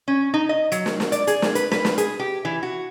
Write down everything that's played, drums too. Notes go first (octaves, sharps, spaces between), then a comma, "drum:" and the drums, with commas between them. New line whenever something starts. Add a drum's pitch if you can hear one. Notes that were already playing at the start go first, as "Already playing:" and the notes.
C#4
D#4
D#5
F#3, drum: hi-hat
drum: snare
drum: snare
D5, drum: hi-hat
G#4, drum: hi-hat
drum: snare
B4, drum: hi-hat
B4, drum: snare
drum: snare
G#4, drum: hi-hat
G4
E3
F#4